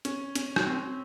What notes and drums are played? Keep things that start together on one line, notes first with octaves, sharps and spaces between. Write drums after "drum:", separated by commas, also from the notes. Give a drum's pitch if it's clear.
C#4, drum: hi-hat
C#4, drum: hi-hat
drum: rim click
C4